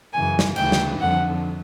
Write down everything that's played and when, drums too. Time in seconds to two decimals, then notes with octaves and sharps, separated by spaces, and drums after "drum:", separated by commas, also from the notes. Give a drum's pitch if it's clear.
0.13 F#2 C#3 E3 G#5
0.39 drum: snare
0.56 D2 C#3 E3 G5, drum: cymbal
0.72 drum: snare
1.00 F2 D3 F#5